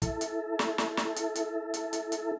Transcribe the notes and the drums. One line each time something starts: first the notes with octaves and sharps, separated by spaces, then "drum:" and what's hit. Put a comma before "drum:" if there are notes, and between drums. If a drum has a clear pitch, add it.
E4 A4, drum: kick, hi-hat
drum: hi-hat
drum: snare
drum: snare
drum: snare
drum: hi-hat
drum: hi-hat
drum: hi-hat
drum: hi-hat
drum: hi-hat